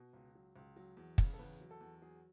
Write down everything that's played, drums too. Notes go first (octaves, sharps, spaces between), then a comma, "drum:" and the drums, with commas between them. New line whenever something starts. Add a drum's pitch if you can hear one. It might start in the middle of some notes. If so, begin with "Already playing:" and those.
Already playing: B2
C#2
F#3
C#2
F#3
E2
C#3, drum: kick
A4
E2 B4
F#3
A4
E2
F#3 G#4